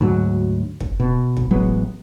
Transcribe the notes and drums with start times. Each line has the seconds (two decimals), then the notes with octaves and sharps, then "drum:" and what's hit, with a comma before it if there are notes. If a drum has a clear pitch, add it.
0.01 D2 G#2 F#3
0.80 drum: kick
1.00 B2
1.37 drum: kick
1.51 A1 F#3 G#3 B3